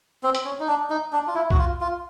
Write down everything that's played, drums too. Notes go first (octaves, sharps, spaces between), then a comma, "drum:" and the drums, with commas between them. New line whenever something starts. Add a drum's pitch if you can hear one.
C4
drum: hi-hat
C#4
D#4
D4
D#4
D4
F4
E4
F#4, drum: kick C2
F4
F4